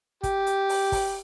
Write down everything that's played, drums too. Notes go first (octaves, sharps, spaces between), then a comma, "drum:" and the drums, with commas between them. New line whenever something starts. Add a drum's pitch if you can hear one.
G4, drum: kick, hi-hat
drum: hi-hat
drum: open hi-hat
drum: kick, open hi-hat